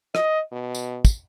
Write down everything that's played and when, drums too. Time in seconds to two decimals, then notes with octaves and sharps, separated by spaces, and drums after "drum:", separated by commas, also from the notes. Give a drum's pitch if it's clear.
0.15 D#5, drum: rim click
0.52 B2
0.75 drum: tambourine
1.05 drum: kick, tambourine